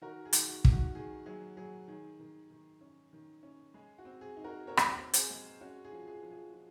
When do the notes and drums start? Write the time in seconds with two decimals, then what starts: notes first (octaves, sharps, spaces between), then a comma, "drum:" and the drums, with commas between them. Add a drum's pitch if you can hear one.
0.01 D#3 F#4 A#4
0.25 G#4
0.33 D#3, drum: hi-hat
0.48 F#4
0.65 D#3, drum: kick
0.72 F#4
0.95 D#3 G#4
1.26 F#3 G#4
1.57 F#3 G#4
1.88 D#3 G#4
2.20 D#3
2.51 D#3
2.81 C#4
3.13 D#3
3.43 C#4
3.74 G#3 G#4
3.98 F#4
4.05 C4
4.21 G#4
4.36 D#4
4.44 F#4 A#4
4.67 C4 A#4 C#5
4.77 drum: rim click
4.98 C4
5.13 G#4 C5, drum: hi-hat
5.30 G#3
5.61 C#4 F#4
5.85 G#4
5.92 F3
6.07 G#4
6.23 F3
6.31 G#4
6.53 F3